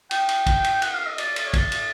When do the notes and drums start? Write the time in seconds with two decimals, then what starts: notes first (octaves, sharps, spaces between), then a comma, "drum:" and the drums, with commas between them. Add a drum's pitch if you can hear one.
0.11 G5, drum: cymbal
0.29 drum: cymbal
0.46 drum: kick, cymbal
0.64 drum: cymbal
0.82 F#5, drum: cymbal
0.94 F5
1.06 D#5
1.18 D5, drum: cymbal
1.36 D5, drum: cymbal
1.46 C#5
1.54 D5, drum: kick, cymbal
1.72 drum: cymbal